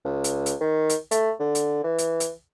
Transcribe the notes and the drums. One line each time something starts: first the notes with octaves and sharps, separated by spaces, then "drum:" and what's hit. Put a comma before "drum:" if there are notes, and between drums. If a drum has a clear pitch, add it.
C#2
drum: hi-hat
drum: hi-hat
D#3
drum: hi-hat
A3, drum: hi-hat
D3
drum: hi-hat
E3
drum: hi-hat
drum: hi-hat